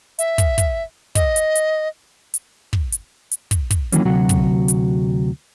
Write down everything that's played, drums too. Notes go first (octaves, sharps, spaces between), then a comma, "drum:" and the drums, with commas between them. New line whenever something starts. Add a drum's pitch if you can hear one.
E5, drum: hi-hat
drum: kick, hi-hat
drum: kick, hi-hat
D#5, drum: kick, hi-hat
drum: hi-hat
drum: hi-hat
drum: hi-hat
drum: kick
drum: hi-hat
drum: hi-hat
drum: kick, hi-hat
drum: kick, hi-hat
D#3 E3 F#3 A#3 C#4, drum: hi-hat
D2 C3 F#3 F#4
drum: kick, hi-hat
drum: hi-hat